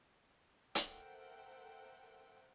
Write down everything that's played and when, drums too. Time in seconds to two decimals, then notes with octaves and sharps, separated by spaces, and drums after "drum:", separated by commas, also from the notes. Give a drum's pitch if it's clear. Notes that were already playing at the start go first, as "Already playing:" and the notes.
0.75 A4 A#4 C5 E5 F#5 G5, drum: hi-hat